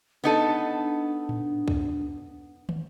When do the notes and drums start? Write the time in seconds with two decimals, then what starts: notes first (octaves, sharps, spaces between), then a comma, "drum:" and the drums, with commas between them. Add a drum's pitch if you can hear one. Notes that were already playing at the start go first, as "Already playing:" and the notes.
0.24 B3 D4 D#4 A4
1.29 drum: tom A2
1.68 drum: kick
2.69 drum: tom